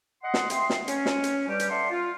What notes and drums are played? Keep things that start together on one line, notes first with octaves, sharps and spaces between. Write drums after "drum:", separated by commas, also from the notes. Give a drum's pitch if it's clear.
D#5 F#5 C6
drum: snare
D#5 E5 G5 C6, drum: hi-hat
drum: snare
C#4, drum: hi-hat
drum: snare
drum: hi-hat
G2 G3 G4
drum: hi-hat
A4 D5 E5 F#5 C6
F4